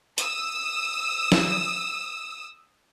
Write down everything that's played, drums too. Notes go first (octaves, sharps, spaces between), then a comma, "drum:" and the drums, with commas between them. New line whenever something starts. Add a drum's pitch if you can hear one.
D#6 E6, drum: hi-hat
drum: snare